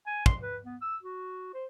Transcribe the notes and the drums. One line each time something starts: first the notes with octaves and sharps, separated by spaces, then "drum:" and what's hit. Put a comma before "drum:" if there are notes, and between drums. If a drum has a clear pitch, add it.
G#5
C6, drum: kick
B4
B3
E6
F#4
C5